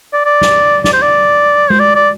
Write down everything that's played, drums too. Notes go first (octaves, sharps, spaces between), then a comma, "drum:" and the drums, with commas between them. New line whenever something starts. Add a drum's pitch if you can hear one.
D5
D5
drum: snare
D5, drum: snare
C5
D5
C5, drum: tom G#3
D5
D5